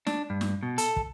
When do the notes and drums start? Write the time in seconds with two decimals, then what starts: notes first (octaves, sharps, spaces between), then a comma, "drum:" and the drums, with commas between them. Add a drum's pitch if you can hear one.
0.07 D4, drum: snare
0.30 G2
0.41 drum: snare
0.63 B2
0.78 A4, drum: hi-hat
0.96 drum: kick